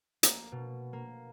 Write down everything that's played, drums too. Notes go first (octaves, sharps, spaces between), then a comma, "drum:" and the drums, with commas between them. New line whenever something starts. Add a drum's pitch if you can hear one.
A#3, drum: hi-hat
B2
A#3